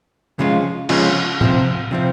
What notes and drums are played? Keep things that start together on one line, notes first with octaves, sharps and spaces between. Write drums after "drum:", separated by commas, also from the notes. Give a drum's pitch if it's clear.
C#3 F3 G#3 C#4 F4
C#3 F3 G#3 C#4 F4, drum: cymbal
C3 F3 C4, drum: tom A2
C3 F3 C4